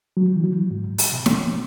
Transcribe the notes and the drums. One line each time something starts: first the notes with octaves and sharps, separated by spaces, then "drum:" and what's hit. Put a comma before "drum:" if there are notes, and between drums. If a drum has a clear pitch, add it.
F#3
E3
F#3
G#2
drum: open hi-hat
B2
drum: snare